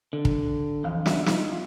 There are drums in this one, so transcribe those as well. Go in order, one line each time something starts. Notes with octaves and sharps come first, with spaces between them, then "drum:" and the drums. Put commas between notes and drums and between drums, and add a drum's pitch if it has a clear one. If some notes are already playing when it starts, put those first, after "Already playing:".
D3
drum: kick
F2 E3 F5
C#2 C#4 D4 F#4 E5, drum: snare
D#4 F4, drum: snare